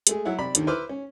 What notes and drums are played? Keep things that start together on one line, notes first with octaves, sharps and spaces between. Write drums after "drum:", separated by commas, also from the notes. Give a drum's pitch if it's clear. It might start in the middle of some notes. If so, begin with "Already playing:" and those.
G#3 A3 G#4, drum: hi-hat
F#3 E4 F#5
C3 D5 B5
D#2 D3 D#3, drum: hi-hat
E4 B4 C5 E5 D6 F6
C#4